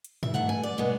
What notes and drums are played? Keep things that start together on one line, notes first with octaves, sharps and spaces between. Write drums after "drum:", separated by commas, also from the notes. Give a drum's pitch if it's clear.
drum: hi-hat
E5, drum: tom G2
G#2 E3 A3 F#5
G#5
D5
B2 G#3 B3